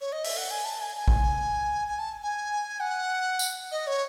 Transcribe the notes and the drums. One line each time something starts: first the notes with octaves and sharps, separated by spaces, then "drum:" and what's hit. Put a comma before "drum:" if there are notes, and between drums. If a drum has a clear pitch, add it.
C#5
D#5
E5, drum: open hi-hat
F#5
G#5
A5
G#5
G#5
drum: kick
G#5
A5
G#5
F#5
drum: tambourine
D#5
C#5